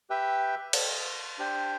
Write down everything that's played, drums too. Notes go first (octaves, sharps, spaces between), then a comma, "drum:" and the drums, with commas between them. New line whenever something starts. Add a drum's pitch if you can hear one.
G4 B4 E5 G5
drum: cymbal
D4 G4 C5 G5